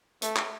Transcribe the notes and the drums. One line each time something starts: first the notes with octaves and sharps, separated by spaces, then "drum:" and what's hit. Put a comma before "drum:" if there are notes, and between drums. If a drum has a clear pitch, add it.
A3, drum: hi-hat
drum: clap